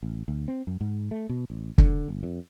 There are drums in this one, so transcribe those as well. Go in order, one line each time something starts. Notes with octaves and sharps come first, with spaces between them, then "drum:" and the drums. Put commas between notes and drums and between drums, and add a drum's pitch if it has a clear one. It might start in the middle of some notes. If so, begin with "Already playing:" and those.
A1
D2
C4
F#2
G#2
A3
B2
A1
D3, drum: kick
G1
F2